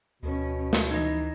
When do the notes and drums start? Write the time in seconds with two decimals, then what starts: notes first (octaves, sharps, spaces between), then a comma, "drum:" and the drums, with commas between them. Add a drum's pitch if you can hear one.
0.23 D2 B2 C#4
0.73 drum: snare
0.91 E3 D#4 D#5